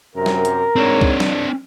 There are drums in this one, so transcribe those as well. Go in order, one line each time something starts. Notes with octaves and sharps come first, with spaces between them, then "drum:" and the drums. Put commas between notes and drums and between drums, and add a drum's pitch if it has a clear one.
F#2 C3 A#4
drum: snare
drum: hi-hat
G#2 C4 D4 C#5
drum: kick C2
F2, drum: snare